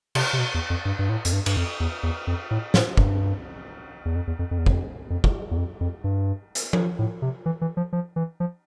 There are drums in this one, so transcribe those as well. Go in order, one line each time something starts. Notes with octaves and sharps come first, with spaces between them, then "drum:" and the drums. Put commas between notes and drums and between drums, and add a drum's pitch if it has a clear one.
C3, drum: cymbal
C3
B2
E2
F2
G2
G2
A2
F2, drum: hi-hat
G2
G2, drum: cymbal
F2
E2
E2
F2
A2
A2, drum: snare
G2, drum: kick
E2
F2
E2
F2
F2
E2
F2, drum: kick
F2
drum: kick
E2
F2
F2
G2
drum: hi-hat
drum: tom F3
A2
C3
E3
E3
F3
F3
E3
F3